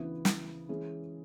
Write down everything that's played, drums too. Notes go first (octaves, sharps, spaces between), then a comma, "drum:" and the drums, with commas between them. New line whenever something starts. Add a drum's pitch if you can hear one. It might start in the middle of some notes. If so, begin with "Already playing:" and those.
Already playing: D2 C#3 E3 B3 E4
drum: snare
E3 G#3 C#4 G#4